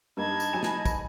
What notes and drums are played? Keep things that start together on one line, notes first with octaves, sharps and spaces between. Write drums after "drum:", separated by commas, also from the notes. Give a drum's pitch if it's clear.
G2 A#3 D#4 D#5 A5 B5 G#6
drum: tambourine
F#3 G#5 E7
drum: snare
drum: kick, tambourine